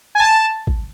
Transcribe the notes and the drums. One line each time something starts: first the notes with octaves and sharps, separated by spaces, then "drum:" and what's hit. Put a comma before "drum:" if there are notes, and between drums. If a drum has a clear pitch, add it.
G#5
A5
drum: kick